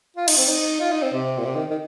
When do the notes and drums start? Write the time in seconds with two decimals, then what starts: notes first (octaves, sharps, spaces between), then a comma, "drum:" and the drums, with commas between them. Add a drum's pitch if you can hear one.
0.17 F4
0.28 D#4, drum: cymbal
0.38 C4
0.48 D#4
0.80 F4
0.92 D#4
1.02 C4
1.13 C3
1.38 A#2
1.45 C3
1.55 D#3
1.70 D#3